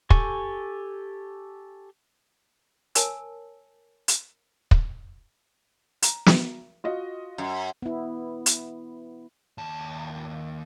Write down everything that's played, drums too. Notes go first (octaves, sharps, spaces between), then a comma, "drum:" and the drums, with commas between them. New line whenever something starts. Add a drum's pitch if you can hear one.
G4 A4 G#5 C#6, drum: kick
A#4 C#5 G#5 A5 E6, drum: hi-hat
drum: hi-hat
drum: kick
A#5, drum: hi-hat
drum: snare
F4 F#4 D#5
F#2
B3 E4
drum: hi-hat
D#2 A5